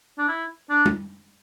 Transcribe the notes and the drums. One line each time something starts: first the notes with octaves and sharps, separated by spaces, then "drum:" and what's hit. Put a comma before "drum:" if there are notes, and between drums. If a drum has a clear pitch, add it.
D4
E4
D4
drum: tom G3